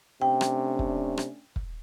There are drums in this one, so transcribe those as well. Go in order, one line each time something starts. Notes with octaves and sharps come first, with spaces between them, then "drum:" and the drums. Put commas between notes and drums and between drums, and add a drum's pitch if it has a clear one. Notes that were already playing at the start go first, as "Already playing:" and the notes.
C3 A3 C#4 D4 G5
drum: rim click
drum: kick
drum: rim click
drum: kick